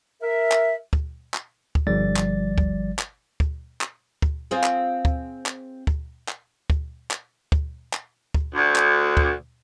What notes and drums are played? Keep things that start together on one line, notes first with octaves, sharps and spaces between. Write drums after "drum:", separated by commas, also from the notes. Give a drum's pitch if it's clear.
A#4 E5
drum: clap
drum: kick
drum: clap
drum: kick
G1 F3 G3 D5 A6
drum: clap
drum: kick
drum: clap
drum: kick
drum: clap
drum: kick
C4 F4 G#4
drum: clap
drum: kick
drum: clap
drum: kick
drum: clap
drum: kick
drum: clap
drum: kick
drum: clap
drum: kick
D2
drum: clap
drum: kick